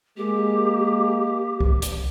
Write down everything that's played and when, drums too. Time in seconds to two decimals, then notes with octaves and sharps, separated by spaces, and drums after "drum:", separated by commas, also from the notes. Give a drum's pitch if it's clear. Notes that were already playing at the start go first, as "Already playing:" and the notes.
0.17 G#3 A#3 G4
1.60 drum: kick C2
1.82 drum: hi-hat